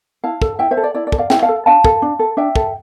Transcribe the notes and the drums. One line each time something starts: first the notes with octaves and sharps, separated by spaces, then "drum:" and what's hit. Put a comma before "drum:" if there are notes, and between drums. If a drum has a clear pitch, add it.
E4 F5 A5
A4, drum: kick
E4 E5 G5
C5 E5
A4
D5
E4 D5
D5
A4, drum: kick
D5 F5
E4 E5 G5, drum: snare
F5 A5
A4
D4 F5 A5
A4, drum: kick
D4
A4
D4 E5 G5
A4, drum: kick